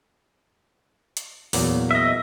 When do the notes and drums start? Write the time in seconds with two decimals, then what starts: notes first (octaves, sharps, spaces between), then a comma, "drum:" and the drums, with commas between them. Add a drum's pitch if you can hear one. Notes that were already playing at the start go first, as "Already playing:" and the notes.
1.17 drum: hi-hat
1.53 E2 A#2 F#3, drum: open hi-hat
1.91 D#5 E5